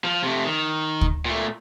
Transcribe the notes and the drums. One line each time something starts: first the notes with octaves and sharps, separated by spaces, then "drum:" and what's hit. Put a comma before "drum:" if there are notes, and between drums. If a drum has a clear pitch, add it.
F3
C3 A3
D#3
drum: kick
A#2 A3